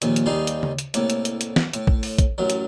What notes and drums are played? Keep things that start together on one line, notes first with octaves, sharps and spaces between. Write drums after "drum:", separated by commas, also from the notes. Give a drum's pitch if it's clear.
A#1 D#2 A#2, drum: hi-hat
drum: hi-hat
D#2 G3 D#4 G#4 F5
drum: hi-hat
drum: tom C#3
drum: hi-hat
C2 A2 A#3, drum: hi-hat
drum: hi-hat
drum: hi-hat
drum: hi-hat
drum: snare
A2, drum: hi-hat
drum: kick A#1
drum: open hi-hat
drum: kick A#1, hi-hat
A1 F#2 F#3
drum: hi-hat